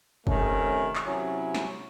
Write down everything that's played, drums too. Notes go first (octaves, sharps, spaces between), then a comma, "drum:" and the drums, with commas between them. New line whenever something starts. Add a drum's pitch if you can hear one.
C3 D#3 A3 C#4, drum: kick
drum: clap
C3 F#3 C#4 E4
drum: snare